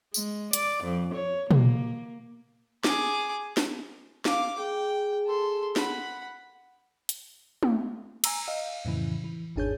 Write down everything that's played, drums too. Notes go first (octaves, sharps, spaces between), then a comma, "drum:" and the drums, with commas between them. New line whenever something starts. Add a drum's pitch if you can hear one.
G#3, drum: tambourine
D5, drum: hi-hat
F2
C#5
A#3, drum: tom
G#4 D6, drum: snare
drum: snare
F5 D6, drum: snare
G#4 G5
A4 C6
F#5 B5, drum: snare
drum: hi-hat
drum: tom
G#5 A#5 E6, drum: cymbal
D#5 F5
F2 A2 C#3 E3
E3
G#1 E2 D4 G#4 C#5 G6